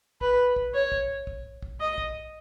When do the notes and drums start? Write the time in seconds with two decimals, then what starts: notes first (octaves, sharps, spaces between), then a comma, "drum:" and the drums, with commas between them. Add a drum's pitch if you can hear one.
0.21 B4, drum: kick
0.56 drum: kick
0.74 C#5
0.92 drum: kick
1.27 drum: kick
1.62 drum: kick
1.80 D#5
1.98 drum: kick